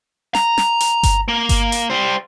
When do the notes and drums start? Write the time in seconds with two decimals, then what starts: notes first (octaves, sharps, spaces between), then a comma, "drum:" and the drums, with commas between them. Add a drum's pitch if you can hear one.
0.35 A#5, drum: snare
0.58 drum: snare
0.80 drum: hi-hat
1.03 drum: kick G1, hi-hat
1.28 A#3
1.49 drum: kick G1, hi-hat
1.72 drum: hi-hat
1.90 G3 C5